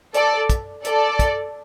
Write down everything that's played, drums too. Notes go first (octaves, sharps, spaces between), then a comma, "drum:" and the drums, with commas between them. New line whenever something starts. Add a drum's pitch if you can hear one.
A4 D5, drum: hi-hat
drum: kick, hi-hat
A4 D5, drum: hi-hat
drum: kick, hi-hat